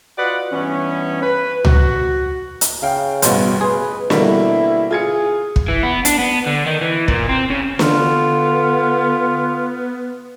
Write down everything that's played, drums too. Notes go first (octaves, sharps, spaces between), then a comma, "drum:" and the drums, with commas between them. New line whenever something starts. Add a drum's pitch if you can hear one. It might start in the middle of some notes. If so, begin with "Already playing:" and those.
F4 F#4 B4 D5 D#5 F#5
G2 E3 B3 C#4
B4
F#4, drum: tom C#2
drum: hi-hat
C#3 F5 G5
A1 G2 B2 F#4 C5, drum: hi-hat
G#4 B4 C6
B2 D3 G3 A3 A#3 E4, drum: snare
F4 G#4 G#6 C#7
drum: kick
E3
B3
D4, drum: hi-hat
B3
D3
D#3
E3
A#2, drum: kick
C4
C#3
D3 B3 F4, drum: snare